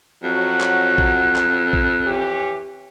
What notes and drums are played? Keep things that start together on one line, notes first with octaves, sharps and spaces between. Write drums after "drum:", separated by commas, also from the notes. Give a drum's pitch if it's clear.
F2 F#3 F#4 F#6
drum: clap
drum: kick A#1
drum: clap
drum: kick A#1
E3 C#4 G4